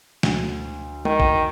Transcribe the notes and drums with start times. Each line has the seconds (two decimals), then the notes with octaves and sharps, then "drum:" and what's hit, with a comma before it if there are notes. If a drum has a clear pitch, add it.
0.23 D2, drum: snare
1.05 D#3, drum: tom
1.20 drum: kick